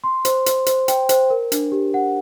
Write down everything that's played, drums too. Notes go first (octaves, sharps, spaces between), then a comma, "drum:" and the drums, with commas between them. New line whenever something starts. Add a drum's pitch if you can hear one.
C6
C5, drum: hi-hat
C5, drum: hi-hat
C5, drum: hi-hat
G5, drum: hi-hat
C5, drum: hi-hat
A#4
D4, drum: hi-hat
G4
F#5